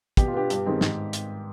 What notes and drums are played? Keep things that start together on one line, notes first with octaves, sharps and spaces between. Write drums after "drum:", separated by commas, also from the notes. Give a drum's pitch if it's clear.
B2 G4, drum: kick, hi-hat
F4
B3 D4 G4
G2, drum: hi-hat
D#3 G#3 C4
G#2, drum: snare
drum: hi-hat